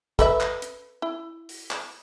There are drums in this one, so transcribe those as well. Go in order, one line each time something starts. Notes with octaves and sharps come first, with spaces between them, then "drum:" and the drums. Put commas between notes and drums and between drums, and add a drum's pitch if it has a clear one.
A4 B4 E5, drum: kick, hi-hat
drum: clap
drum: hi-hat
E4
drum: open hi-hat
drum: clap